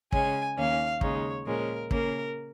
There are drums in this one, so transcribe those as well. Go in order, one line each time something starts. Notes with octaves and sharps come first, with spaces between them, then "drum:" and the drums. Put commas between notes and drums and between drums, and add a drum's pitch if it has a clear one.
C#3 G#3 C#4 G#5, drum: kick
D#2 D#3 A#3 C#4 F5
D#2 C#3 G#3 D#4 C#5, drum: kick
A#2 F3 G#3 C#4 A#4
C#3 A#3 C#4 A#4, drum: kick